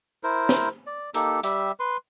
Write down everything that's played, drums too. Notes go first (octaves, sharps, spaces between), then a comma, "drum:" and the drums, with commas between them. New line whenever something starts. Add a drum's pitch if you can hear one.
E4 A#4 C5
drum: snare
D5
A#3 D#4 G4 A4, drum: hi-hat
G3 G4 E5, drum: hi-hat
B4 C6